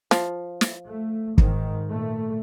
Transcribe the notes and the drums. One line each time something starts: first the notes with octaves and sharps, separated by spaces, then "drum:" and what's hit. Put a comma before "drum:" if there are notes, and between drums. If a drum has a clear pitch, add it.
F3, drum: snare
drum: snare
A3
G#2 D#3, drum: kick
A#2 A3